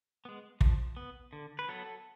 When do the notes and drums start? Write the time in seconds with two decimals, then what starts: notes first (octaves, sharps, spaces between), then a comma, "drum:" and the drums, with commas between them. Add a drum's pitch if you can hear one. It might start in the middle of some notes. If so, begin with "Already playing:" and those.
0.25 G#3 B3
0.61 F3, drum: kick
0.97 B3
1.33 D3
1.59 B4
1.69 F#3 B3 A4